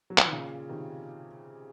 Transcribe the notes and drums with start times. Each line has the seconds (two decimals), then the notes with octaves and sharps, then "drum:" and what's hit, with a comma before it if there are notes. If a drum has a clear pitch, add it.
0.10 F#3
0.18 F3, drum: clap
0.25 D#3
0.32 A#2 C#3
0.69 C3 D#3